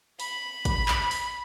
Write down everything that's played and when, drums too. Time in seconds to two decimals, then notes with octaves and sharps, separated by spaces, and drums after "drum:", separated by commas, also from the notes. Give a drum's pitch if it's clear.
0.20 B5, drum: open hi-hat
0.65 drum: kick, hi-hat
0.88 drum: clap
1.11 drum: open hi-hat